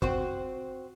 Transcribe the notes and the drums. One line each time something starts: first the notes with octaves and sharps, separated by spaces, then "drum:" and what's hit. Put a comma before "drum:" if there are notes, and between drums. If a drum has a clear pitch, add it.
C4 F#4 C5, drum: kick